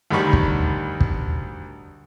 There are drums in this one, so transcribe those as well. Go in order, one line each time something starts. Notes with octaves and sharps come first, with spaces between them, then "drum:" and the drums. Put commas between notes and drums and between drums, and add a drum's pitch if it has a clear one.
D2 D#3 G3 B5 C#6
drum: kick
drum: kick